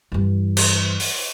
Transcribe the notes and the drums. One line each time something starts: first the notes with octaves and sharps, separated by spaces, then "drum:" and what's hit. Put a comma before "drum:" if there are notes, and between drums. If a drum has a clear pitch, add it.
G2 E3
drum: cymbal
drum: open hi-hat